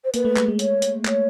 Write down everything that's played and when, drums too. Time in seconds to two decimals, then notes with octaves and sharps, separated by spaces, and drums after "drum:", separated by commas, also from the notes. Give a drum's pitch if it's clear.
0.04 C5
0.14 A#3 B4, drum: hi-hat
0.25 A3
0.36 G#3, drum: clap
0.48 G#3
0.59 C#5, drum: hi-hat
0.82 drum: hi-hat
1.05 C#5, drum: clap